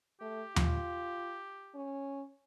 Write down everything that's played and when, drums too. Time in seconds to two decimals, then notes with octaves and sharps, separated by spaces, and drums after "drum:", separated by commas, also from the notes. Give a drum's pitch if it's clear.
0.21 A3 G4
0.56 F4, drum: tom D#2
1.75 C#4